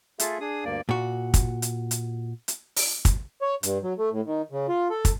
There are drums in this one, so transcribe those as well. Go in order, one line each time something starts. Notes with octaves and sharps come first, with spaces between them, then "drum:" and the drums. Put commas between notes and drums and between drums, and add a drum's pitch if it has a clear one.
A3 F4 G#4 A4 E5, drum: hi-hat
D4 G#4 D#6
D2 G2 A#3 D5
A#2 F#4
drum: kick, hi-hat
drum: hi-hat
drum: hi-hat
drum: hi-hat
drum: open hi-hat
drum: kick, hi-hat
C#5
G2, drum: hi-hat
F#3
A3
A2
D#3
C#3
F4
A4
drum: kick, hi-hat